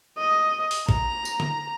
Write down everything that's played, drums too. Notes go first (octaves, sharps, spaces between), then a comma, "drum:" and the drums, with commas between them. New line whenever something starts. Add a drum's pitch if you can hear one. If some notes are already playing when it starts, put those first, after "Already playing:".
D#5
drum: open hi-hat
A#5, drum: kick A1
drum: tambourine
drum: tom D3